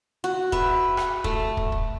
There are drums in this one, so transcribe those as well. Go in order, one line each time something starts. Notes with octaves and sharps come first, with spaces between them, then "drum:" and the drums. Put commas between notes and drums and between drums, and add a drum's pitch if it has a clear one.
F#4
B4 E5, drum: kick
drum: rim click
A3, drum: kick
drum: kick
drum: kick